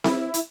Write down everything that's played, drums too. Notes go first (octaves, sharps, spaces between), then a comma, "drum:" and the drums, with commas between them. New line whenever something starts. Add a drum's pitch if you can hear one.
E4, drum: snare C4
drum: hi-hat